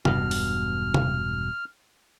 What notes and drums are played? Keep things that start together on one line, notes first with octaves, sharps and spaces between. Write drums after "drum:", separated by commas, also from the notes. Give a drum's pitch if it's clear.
E1 G2 B2 F6, drum: tom C3
drum: open hi-hat
drum: tom C3